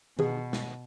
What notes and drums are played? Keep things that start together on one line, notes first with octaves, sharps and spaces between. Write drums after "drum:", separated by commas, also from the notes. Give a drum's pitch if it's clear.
B2 G#4, drum: tom D#3
drum: snare